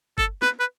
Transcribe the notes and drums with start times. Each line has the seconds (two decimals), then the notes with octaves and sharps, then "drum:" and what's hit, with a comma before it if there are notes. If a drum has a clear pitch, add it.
0.18 A4, drum: kick G1
0.42 B4, drum: snare
0.59 B4